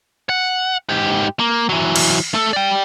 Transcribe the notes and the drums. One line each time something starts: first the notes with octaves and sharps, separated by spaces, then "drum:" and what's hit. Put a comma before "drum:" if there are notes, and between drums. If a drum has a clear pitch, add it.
F#5
G#2 G4
A#3
E3 F#3
drum: cymbal
A3 A4
D5 G5